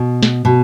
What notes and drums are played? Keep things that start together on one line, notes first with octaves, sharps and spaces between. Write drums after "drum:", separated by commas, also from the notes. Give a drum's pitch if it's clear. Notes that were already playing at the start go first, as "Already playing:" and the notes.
Already playing: B2
drum: snare
B2